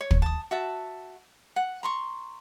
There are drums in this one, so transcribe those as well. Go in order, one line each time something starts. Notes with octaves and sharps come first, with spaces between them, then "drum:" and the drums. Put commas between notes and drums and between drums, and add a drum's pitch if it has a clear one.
C#5
drum: kick
A5 D#6
F#4 E5 A5
F#5
A#5 C6 C#6